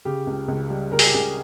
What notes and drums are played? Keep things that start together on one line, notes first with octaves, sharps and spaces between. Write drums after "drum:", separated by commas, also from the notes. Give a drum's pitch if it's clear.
C#3 G4
C#2
C#2
G3
C#3 A#4
G#4, drum: open hi-hat
G4
C#2 G#4